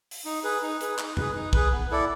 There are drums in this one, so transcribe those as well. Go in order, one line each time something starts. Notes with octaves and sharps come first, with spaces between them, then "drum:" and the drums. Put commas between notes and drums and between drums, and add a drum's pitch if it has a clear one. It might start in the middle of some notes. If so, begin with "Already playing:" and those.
drum: open hi-hat
D#4
G#4 B4
D#4
G#4 B4, drum: hi-hat
D#4, drum: clap
G#4 B4, drum: tom E2
D#4
G#4 B4, drum: kick B1
B3
E4 A4 D5